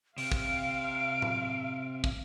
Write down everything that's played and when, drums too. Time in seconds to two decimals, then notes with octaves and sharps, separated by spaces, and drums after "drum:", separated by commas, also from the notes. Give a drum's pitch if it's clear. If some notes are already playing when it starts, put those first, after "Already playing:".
0.18 C3 F5 D7, drum: open hi-hat
0.32 drum: kick
1.22 drum: tom A2
2.04 drum: kick